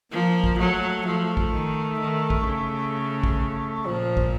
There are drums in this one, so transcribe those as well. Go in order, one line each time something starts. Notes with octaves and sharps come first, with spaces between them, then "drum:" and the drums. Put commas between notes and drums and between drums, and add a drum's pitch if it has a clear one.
F3 A#3
drum: kick
F#3 A3
F3 A3
drum: kick
D#3
D#3
drum: kick
C#3
drum: kick
A#2 F3
drum: kick